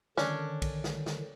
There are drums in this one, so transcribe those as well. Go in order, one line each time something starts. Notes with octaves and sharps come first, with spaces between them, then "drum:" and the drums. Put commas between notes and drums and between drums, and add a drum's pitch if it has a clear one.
D3 D#3 C#4 D4, drum: snare
drum: kick B1, cymbal
drum: snare
drum: snare